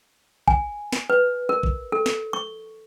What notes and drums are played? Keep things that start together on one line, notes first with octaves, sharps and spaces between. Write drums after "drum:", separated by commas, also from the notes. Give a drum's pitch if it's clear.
G#5, drum: kick
drum: snare
B4
A#4
drum: kick
A4
drum: snare
C#6